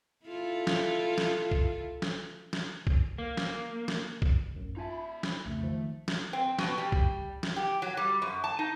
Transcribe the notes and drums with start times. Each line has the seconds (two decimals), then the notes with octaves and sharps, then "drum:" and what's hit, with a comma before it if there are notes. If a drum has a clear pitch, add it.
0.26 E4 F4 A4
0.67 drum: snare
1.18 drum: snare
1.51 drum: kick B1
2.02 drum: snare
2.53 drum: snare
2.87 drum: kick B1
3.18 A#3
3.37 drum: snare
3.88 drum: snare
4.22 drum: kick B1
4.55 A1 F#2 A2
4.76 D#4 F4 E5 G#5 A5
4.92 B5
5.23 drum: snare
5.45 B1 F2 C#3 A3
5.61 D#3 F3
6.08 drum: snare
6.33 C4
6.59 B2, drum: snare
6.78 G3
6.92 drum: kick B1
7.43 drum: snare
7.56 G4
7.82 F#3
7.97 G3
8.22 F#2
8.44 A5
8.59 D#4